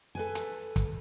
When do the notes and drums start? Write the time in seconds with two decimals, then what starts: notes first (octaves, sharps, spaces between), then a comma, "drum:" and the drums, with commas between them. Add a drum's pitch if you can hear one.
0.15 A4 B4 G#5
0.35 drum: hi-hat
0.76 drum: kick, hi-hat